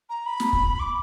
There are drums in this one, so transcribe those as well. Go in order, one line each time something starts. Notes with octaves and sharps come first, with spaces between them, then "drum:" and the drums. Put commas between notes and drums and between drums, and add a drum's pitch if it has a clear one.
A#5
B5
drum: snare
drum: kick
D6